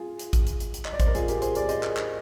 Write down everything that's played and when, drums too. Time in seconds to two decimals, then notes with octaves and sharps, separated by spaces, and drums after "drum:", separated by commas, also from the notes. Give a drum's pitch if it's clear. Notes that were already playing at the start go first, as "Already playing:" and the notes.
Already playing: F4 G#4
0.19 drum: hi-hat
0.33 drum: kick, hi-hat
0.47 drum: hi-hat
0.60 drum: hi-hat
0.74 drum: hi-hat
0.85 D#5, drum: clap
0.93 D5
1.00 C5, drum: kick, hi-hat
1.07 A#4
1.15 F4 G#4, drum: hi-hat
1.28 G4 A#4, drum: hi-hat
1.42 G#4 C5, drum: hi-hat
1.55 A#4 D5, drum: hi-hat
1.69 C5 D#5, drum: hi-hat
1.83 drum: clap
1.97 drum: clap